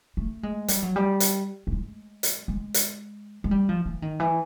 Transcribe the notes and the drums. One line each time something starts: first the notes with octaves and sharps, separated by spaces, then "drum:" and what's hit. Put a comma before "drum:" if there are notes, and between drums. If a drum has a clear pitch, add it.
A3
G#3
G3, drum: hi-hat
F#3
G3
drum: hi-hat
A3
G#3
drum: hi-hat
G#3
drum: hi-hat
G#3
G3
F3
E3
D#3
E3